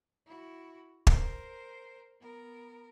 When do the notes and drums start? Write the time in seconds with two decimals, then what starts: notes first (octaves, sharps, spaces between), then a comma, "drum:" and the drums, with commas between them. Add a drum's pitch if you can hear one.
0.26 E4 F#4
1.07 A#4 C5, drum: kick
2.20 B3 A#4